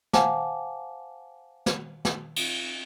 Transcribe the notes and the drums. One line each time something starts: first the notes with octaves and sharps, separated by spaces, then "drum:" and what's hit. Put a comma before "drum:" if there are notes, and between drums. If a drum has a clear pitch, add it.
C5 F5 F#5 G#5 A5 D6, drum: snare
drum: snare
drum: snare
drum: cymbal